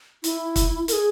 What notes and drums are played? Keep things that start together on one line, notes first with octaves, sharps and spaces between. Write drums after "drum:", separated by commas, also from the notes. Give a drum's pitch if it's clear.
E4, drum: hi-hat
drum: kick, hi-hat
A#4, drum: hi-hat
G#4